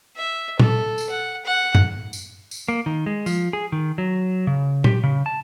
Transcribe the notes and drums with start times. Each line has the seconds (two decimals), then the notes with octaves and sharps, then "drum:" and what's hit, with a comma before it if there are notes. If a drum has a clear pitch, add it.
0.17 E5
0.60 A4, drum: tom
0.98 drum: tambourine
1.10 F#5
1.45 F#5
1.75 drum: tom F#2
2.13 drum: tambourine
2.51 drum: tambourine
2.68 A#3
2.86 D#3
3.06 G#3
3.26 F3, drum: tambourine
3.53 G#4
3.72 D#3
3.98 F#3
4.47 C#3
4.84 G4, drum: tom
5.03 C#3
5.26 A5